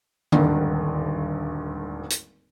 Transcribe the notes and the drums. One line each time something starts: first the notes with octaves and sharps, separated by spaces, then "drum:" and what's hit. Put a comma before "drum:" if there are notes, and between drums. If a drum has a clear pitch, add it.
D#1 G#1 D2 G2 D3 D#3, drum: tom D3
drum: hi-hat